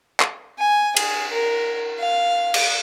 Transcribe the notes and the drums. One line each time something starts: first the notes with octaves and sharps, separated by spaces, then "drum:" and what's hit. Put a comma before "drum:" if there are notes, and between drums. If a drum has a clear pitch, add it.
drum: clap
G#5
G#4, drum: cymbal
A#4
F5
drum: cymbal